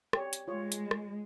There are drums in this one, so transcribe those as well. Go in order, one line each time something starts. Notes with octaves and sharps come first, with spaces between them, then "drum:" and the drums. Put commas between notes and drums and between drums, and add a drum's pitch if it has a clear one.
G4 C#5, drum: rim click
drum: hi-hat
G#3 F4 C#5
drum: hi-hat
drum: rim click